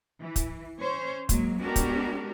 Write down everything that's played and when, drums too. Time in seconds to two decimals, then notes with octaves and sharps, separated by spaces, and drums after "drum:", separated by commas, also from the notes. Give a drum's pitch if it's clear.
0.23 E3
0.36 drum: kick, hi-hat
0.79 C#4 C5 C#5
1.29 F#3 G#3 A#3, drum: kick, hi-hat
1.60 G#3 B3 D4 F#4 G4 A#4
1.76 drum: kick, hi-hat